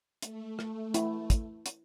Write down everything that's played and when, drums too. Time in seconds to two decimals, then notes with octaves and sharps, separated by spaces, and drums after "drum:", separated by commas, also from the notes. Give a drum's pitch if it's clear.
0.22 A3, drum: hi-hat
0.59 drum: rim click
0.94 E4, drum: hi-hat
1.30 drum: kick, hi-hat
1.66 drum: hi-hat